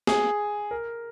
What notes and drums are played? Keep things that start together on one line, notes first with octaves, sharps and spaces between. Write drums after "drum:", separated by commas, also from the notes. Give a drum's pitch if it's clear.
G#4, drum: snare
A#4